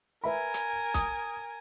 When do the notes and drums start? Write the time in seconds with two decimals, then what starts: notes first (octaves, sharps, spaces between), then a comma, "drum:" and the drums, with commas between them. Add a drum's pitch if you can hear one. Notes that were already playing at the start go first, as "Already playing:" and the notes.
0.24 A#4 B4 E5 G#5 B5
0.54 drum: hi-hat
0.94 D#6, drum: kick B1, hi-hat